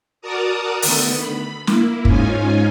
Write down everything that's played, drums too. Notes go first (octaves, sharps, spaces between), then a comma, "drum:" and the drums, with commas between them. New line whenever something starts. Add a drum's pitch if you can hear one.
F#4 A#4 D5 A5 A#5 D#6
D3 D#3 A3 B3, drum: open hi-hat
B5
A#3 E4, drum: snare
G#2 C#4 D#4 F4 G#5, drum: kick